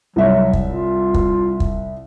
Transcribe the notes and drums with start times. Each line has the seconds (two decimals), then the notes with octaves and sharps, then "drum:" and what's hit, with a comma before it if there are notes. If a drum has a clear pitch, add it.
0.16 C2 F#3 E5
0.53 drum: kick
0.69 F4
1.14 drum: kick
1.60 drum: kick